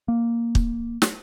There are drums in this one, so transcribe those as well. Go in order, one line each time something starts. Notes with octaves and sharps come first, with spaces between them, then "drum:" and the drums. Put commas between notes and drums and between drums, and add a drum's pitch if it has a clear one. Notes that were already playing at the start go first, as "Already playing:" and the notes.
A#3
drum: kick
drum: snare